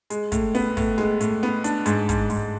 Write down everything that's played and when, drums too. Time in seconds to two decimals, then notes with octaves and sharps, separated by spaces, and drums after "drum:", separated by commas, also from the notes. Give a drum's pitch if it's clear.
0.10 G#3, drum: hi-hat
0.32 A2, drum: kick, hi-hat
0.55 B3, drum: open hi-hat
0.77 A2, drum: kick, open hi-hat
0.98 G#3, drum: snare
1.21 A2, drum: hi-hat
1.43 B3, drum: snare
1.64 D4, drum: hi-hat
1.86 G#2, drum: hi-hat
2.09 G#2, drum: kick, hi-hat
2.30 G#2, drum: open hi-hat